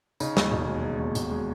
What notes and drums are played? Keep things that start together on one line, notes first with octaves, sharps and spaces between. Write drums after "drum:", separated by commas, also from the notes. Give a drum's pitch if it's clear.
C#3 D#4, drum: tambourine
D#2, drum: snare
E1
G#3
C#3
D#2
E1, drum: hi-hat
G#3